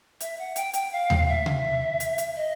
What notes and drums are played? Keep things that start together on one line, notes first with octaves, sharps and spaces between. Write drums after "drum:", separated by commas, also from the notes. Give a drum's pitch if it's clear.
E5, drum: hi-hat
F#5
G5, drum: hi-hat
G5, drum: hi-hat
F5
drum: tom D#2
E5
drum: tom C3
drum: hi-hat
drum: hi-hat
D#5